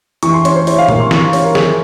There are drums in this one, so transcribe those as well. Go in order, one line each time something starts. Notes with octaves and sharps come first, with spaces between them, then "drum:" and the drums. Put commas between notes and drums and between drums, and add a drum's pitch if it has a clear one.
E3 C#6, drum: hi-hat
C6
C#4 C#5, drum: hi-hat
C5
E4 C#5, drum: open hi-hat
F5
A#3 C6, drum: tom A#2
C#6
E3 C#6, drum: snare
C#4 C#5, drum: open hi-hat
A#4
E4 G#4, drum: snare